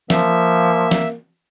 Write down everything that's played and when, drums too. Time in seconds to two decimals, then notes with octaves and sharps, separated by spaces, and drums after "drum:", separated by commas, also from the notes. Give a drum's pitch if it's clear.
0.10 F3 A#3 E5, drum: snare
0.91 drum: snare